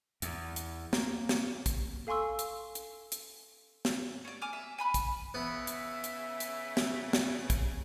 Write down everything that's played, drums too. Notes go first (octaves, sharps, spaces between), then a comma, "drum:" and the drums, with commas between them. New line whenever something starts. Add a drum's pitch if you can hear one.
E2, drum: hi-hat
drum: hi-hat
A#3, drum: snare
drum: snare
drum: kick, hi-hat
A4 F5 G#5 C6 C#6 E6
drum: hi-hat
drum: hi-hat
drum: hi-hat
drum: snare
C#4 D5
G#5 D6 F6
E5
G#5 B5 F#6
drum: kick, hi-hat
C#3 B3 E5
drum: hi-hat
drum: hi-hat
drum: hi-hat
drum: snare
drum: snare
drum: kick, hi-hat